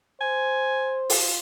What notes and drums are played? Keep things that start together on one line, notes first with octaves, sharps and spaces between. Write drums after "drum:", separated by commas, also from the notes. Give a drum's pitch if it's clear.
C5 G#5
F4, drum: open hi-hat